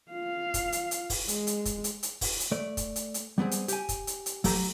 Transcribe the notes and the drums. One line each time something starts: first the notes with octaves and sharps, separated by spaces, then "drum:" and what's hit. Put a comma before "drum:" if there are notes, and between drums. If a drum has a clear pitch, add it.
F4 F5
drum: kick, hi-hat
drum: hi-hat
drum: hi-hat
drum: kick, open hi-hat
G#3, drum: hi-hat
drum: hi-hat
drum: kick, hi-hat
drum: hi-hat
drum: hi-hat
drum: kick, open hi-hat
drum: hi-hat
A3 D5
drum: kick, hi-hat
drum: hi-hat
drum: hi-hat
G3 B3 C4 G#4
drum: hi-hat
G4 G#5, drum: hi-hat
drum: kick, hi-hat
drum: hi-hat
drum: hi-hat
F#3 A3 G4 A4 A#5, drum: kick, open hi-hat